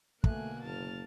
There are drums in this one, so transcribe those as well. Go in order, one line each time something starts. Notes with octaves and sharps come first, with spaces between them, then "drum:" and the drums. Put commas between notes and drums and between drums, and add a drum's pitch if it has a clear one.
B2 D3 A3 A#3 G#5 F#6, drum: kick
F#1 A5 F6